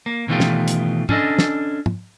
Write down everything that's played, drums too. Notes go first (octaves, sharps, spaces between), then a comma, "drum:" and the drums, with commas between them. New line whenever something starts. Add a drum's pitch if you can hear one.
A#3
B2 D#3 E3 A3 F4 G4
drum: snare
drum: hi-hat
C#4 D4 A4 D#5, drum: tom
drum: snare
drum: tom